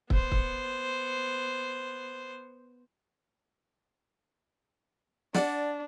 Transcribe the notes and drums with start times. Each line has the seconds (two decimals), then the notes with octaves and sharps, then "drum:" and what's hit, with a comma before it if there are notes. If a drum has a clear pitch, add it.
0.10 B3 C5, drum: kick
0.32 drum: kick
5.34 D4 D5 F#5 D6, drum: snare